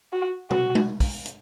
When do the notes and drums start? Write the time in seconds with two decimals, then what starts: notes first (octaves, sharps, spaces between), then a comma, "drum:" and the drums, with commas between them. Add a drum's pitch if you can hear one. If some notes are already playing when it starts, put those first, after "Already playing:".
0.13 F#4
0.51 F#4, drum: tom B2
0.75 drum: tom G#3
1.00 drum: kick, open hi-hat
1.26 drum: hi-hat